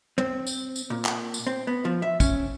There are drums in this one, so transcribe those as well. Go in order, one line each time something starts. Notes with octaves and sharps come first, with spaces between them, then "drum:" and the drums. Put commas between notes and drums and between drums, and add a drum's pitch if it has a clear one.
C4, drum: tom
drum: tambourine
drum: tambourine
A#2
drum: clap
drum: tambourine
C4
B3
F3
E5
C#4, drum: kick, tambourine